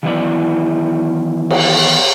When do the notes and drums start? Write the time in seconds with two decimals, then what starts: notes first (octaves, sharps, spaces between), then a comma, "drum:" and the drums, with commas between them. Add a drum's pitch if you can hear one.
0.03 D#3 E3 F#3 B3 E4 D5
1.50 drum: cymbal